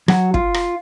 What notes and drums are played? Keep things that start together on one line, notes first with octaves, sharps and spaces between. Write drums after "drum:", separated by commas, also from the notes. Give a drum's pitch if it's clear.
F#3 F#4, drum: rim click
F4, drum: kick
drum: rim click